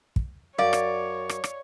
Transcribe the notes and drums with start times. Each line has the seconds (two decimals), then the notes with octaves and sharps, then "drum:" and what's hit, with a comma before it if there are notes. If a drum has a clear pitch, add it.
0.16 drum: kick
0.59 F#2 C#5 D5 F5
0.73 drum: rim click
1.29 drum: rim click
1.44 drum: rim click